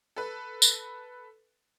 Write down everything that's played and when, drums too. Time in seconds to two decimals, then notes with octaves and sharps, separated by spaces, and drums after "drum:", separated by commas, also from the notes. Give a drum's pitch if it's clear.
0.16 A4 B4
0.62 drum: tambourine